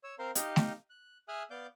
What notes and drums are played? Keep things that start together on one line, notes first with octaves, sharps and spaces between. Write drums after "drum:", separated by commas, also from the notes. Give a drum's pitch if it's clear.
C#5 E6
C4 A#4 C5 F5 A#5 C6
D#4 G4 D#5 F5, drum: hi-hat
drum: snare A3
F#6
G#4 E5 G#5 D#6 F6 F#6
B3 D5 F5 D6 G6